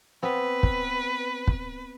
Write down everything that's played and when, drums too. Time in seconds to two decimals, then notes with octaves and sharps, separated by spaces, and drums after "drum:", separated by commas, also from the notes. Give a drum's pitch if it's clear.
0.23 B3 C4 B4
0.63 drum: kick
1.47 drum: kick